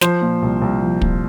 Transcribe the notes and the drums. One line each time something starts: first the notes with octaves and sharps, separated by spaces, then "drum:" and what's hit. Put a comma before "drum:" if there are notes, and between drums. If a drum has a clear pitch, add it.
F3 C5, drum: snare
A#2
C2
C2
F3
A#2, drum: kick